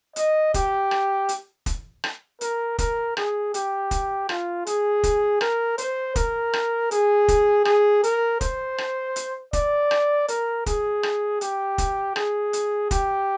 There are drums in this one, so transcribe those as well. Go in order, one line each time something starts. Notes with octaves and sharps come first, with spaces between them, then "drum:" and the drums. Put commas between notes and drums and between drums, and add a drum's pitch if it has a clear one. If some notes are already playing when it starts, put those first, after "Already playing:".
D#5, drum: hi-hat
G4, drum: kick, hi-hat
drum: rim click
drum: hi-hat
drum: kick, hi-hat
drum: rim click
A#4, drum: hi-hat
A#4, drum: kick, hi-hat
G#4, drum: rim click
G4, drum: hi-hat
drum: kick, hi-hat
F4, drum: rim click
G#4, drum: hi-hat
drum: kick, hi-hat
A#4, drum: rim click
C5, drum: hi-hat
A#4, drum: kick, hi-hat
drum: rim click
G#4, drum: hi-hat
drum: kick, hi-hat
G#4, drum: rim click
A#4, drum: hi-hat
C5, drum: kick, hi-hat
drum: rim click
drum: hi-hat
D5, drum: kick, hi-hat
drum: rim click
A#4, drum: hi-hat
G#4, drum: kick, hi-hat
drum: rim click
G4, drum: hi-hat
drum: kick, hi-hat
G#4, drum: rim click
drum: hi-hat
G4, drum: kick, hi-hat